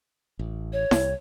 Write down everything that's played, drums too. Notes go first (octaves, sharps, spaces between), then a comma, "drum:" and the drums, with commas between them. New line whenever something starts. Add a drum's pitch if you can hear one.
A1
C#5
C2, drum: snare E4